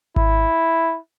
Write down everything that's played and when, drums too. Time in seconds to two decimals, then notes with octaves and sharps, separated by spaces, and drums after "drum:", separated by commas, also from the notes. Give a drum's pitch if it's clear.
0.16 E4, drum: kick G#1